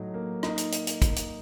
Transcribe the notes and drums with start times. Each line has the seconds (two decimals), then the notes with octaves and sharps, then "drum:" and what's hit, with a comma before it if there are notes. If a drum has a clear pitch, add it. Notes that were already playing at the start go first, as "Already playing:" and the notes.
Already playing: A2 F#3 D#4
0.14 A#3
0.43 D#4, drum: rim click
0.58 drum: hi-hat
0.72 drum: hi-hat
0.87 drum: hi-hat
1.02 drum: kick, hi-hat
1.16 drum: hi-hat